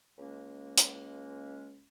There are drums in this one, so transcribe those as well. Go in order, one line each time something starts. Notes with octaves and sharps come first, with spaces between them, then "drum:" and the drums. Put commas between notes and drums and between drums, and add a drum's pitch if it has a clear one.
C#2 G#3 A#3 C#4
drum: hi-hat